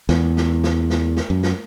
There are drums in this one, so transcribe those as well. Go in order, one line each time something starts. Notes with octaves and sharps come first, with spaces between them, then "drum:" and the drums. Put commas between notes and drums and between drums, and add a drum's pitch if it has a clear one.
E2, drum: snare
drum: snare
drum: snare
drum: snare
drum: snare
F#2
drum: snare